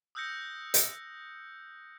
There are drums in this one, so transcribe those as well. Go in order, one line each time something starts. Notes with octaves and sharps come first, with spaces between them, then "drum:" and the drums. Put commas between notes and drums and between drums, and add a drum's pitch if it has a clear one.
D#6 E6 F#6 G6 A#6 C#7
drum: hi-hat